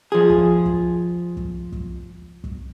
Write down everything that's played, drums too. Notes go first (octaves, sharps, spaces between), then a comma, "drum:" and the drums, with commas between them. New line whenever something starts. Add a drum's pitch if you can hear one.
F3 G#4
drum: kick
drum: kick
drum: kick
drum: kick
drum: kick